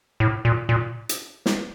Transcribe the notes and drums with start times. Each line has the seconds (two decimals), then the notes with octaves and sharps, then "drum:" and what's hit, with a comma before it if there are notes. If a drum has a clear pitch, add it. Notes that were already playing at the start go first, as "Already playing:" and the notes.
0.20 A2
0.45 A#2
0.69 A#2
1.09 drum: hi-hat
1.46 drum: snare